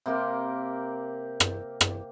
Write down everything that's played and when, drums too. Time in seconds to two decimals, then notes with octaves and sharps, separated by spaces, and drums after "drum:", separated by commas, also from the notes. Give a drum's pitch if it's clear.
0.06 C3 A#3 G4 A#4
1.40 drum: rim click
1.81 drum: rim click